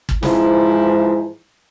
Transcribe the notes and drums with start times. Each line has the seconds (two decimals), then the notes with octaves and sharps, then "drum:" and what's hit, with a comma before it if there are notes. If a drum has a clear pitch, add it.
0.09 drum: kick
0.23 G#2 E3 F3 G#3 D#4 E4, drum: snare